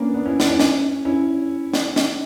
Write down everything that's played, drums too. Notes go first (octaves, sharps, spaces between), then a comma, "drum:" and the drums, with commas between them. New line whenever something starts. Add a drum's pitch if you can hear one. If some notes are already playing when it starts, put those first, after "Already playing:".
Already playing: A#3 B3 C#4 D4
B3 D4
C#4 E4
D4, drum: snare
C#4 E4
C#4 E4, drum: snare
C#4 E4
drum: snare
drum: snare